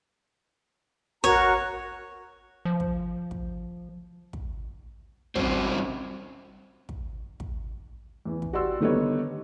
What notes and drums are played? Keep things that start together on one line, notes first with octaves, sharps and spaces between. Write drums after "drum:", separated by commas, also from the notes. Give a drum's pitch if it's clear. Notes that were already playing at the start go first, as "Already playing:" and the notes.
F#4 A#4 C#5 A#5, drum: kick
F3
drum: kick
drum: kick
drum: kick
F#3 G3 C4 C#4 F#4 C5, drum: kick
drum: kick
drum: kick
E2 E3
drum: kick
F#4 G4 D5 C6 E6
D3 D#3 G3 B3 D#4 C#5